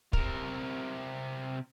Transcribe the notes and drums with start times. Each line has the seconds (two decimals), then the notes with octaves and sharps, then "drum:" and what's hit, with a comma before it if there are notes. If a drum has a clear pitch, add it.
0.13 C3 A#4, drum: kick